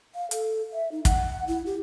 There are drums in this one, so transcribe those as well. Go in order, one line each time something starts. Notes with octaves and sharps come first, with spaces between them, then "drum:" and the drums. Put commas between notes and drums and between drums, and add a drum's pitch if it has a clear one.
F5
A4, drum: hi-hat
E5
D#4
F#5, drum: kick, hi-hat
E4
G4